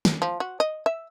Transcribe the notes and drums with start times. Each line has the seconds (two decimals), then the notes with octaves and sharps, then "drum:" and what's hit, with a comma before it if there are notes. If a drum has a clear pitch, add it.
0.05 drum: snare
0.22 F3
0.40 F#4
0.60 D#5
0.86 E5